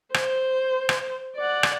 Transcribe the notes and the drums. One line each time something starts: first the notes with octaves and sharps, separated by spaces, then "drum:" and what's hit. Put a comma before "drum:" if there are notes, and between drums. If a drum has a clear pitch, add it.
C5, drum: rim click
drum: rim click
D5 F#5
drum: rim click